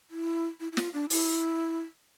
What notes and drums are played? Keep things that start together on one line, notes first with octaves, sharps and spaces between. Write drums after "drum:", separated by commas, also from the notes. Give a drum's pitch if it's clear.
E4
E4
E4
F4, drum: snare
D4
E4, drum: open hi-hat